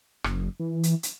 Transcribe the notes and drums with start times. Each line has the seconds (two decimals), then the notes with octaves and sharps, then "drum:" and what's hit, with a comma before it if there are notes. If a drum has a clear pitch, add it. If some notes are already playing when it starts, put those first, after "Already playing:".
0.24 F#1, drum: rim click
0.60 E3
0.83 drum: hi-hat
1.03 drum: hi-hat